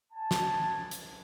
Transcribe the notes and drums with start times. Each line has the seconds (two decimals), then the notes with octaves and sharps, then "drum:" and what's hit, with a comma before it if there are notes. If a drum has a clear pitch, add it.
0.13 G#5 A5
0.31 drum: snare
0.91 drum: hi-hat